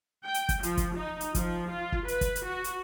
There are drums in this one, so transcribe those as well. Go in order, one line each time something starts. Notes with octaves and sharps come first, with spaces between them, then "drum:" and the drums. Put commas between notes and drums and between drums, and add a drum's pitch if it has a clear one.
G5
drum: hi-hat
drum: kick, hi-hat
F3, drum: hi-hat
drum: kick, hi-hat
D#4
drum: hi-hat
F3, drum: kick, hi-hat
F4
drum: kick
B4, drum: hi-hat
drum: kick, hi-hat
drum: hi-hat
F#4
drum: hi-hat